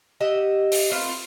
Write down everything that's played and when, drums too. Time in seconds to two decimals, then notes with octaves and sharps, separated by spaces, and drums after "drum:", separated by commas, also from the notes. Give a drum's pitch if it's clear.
0.21 G4 D#5 E5 F#5
0.72 drum: open hi-hat
0.91 A3 B3 C4 F4